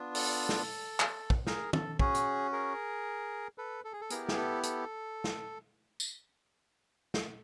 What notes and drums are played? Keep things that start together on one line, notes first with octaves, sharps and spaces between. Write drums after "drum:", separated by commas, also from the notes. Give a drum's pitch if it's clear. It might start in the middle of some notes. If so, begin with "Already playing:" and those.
Already playing: B3 D4 F4
A4, drum: open hi-hat
drum: snare
drum: clap
drum: kick
G#4 A#4, drum: snare
A4, drum: tom
C#4 F#4 G#4, drum: kick
drum: hi-hat
G#4 A#4
A4 B4
A4
G#4
A4
B3 E4 G4 G#4 A#4, drum: hi-hat
G#4, drum: snare
A4
A4, drum: hi-hat
drum: snare
drum: tambourine
drum: snare